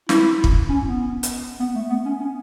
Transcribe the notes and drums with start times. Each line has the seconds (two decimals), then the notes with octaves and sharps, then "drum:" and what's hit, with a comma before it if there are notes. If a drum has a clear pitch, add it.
0.09 E4, drum: snare
0.44 drum: kick
0.69 C#4
0.85 B3
1.23 drum: hi-hat
1.60 B3
1.75 A3
1.90 B3
2.05 C#4
2.20 C#4